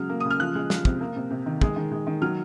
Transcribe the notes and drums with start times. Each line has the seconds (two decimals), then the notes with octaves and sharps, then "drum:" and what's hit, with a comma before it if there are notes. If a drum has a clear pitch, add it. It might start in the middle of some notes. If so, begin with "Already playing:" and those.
Already playing: C#3 F#3 G#3 F6
0.09 A#3
0.20 C#3 D#6
0.30 F6
0.40 F3 F#6
0.55 G#3
0.70 F3, drum: snare
0.85 C3, drum: kick
1.01 A#3
1.16 C3
1.31 C3
1.46 D#3
1.61 G#3, drum: kick
1.76 D#3
1.91 G#3
2.07 D#3
2.22 F#3 F6